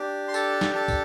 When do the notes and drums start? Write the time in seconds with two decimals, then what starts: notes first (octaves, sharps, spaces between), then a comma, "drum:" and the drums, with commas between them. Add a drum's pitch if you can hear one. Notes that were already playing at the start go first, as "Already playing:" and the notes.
Already playing: D4 G4
0.28 C6
0.34 A4 A5, drum: tambourine
0.61 drum: snare
0.75 A4 A5
0.88 drum: kick, tambourine